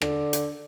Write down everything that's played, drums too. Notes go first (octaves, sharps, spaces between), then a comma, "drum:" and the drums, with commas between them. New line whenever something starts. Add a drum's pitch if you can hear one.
D3, drum: rim click
drum: hi-hat